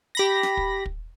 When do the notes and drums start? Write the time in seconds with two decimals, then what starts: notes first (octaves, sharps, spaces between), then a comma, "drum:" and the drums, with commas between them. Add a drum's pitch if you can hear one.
0.15 G4 B5 A#6
0.43 drum: snare
0.57 drum: kick
0.86 drum: kick